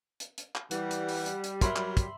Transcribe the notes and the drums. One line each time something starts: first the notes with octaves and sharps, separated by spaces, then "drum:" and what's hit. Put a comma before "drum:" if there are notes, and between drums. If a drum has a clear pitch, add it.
drum: hi-hat
drum: hi-hat
drum: clap
E3 G3 F#5, drum: hi-hat
drum: hi-hat
drum: open hi-hat
drum: hi-hat
drum: hi-hat
F#3 A#4 E5 B5 C6, drum: kick, hi-hat
F#3, drum: clap
drum: kick, hi-hat